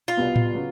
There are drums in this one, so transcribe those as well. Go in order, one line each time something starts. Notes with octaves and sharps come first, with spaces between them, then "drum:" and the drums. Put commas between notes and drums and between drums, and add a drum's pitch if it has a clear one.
F4
C2 B2 G3 B3
drum: tom A2
C#3 F#3 B3